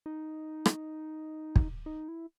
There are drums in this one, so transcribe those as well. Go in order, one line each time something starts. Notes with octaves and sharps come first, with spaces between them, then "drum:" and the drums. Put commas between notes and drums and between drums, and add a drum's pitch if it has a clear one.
D#4
drum: rim click
drum: kick
D#4
E4